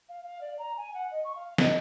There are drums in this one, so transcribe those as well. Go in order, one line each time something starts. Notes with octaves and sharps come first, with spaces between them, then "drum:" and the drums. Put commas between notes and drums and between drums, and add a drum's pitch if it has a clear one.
F5
F5
D5
A#5
G#5
F#5
D#5
C#6
F5
D#5, drum: snare